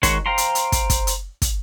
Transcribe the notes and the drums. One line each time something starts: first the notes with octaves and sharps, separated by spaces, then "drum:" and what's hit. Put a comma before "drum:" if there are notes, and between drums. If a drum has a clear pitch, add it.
D#3 G#3 F#4 C#5 C6, drum: kick, hi-hat
C5 F5 G5 A#5 C6
drum: hi-hat
drum: hi-hat
drum: kick, hi-hat
drum: kick, hi-hat
drum: hi-hat
drum: kick, hi-hat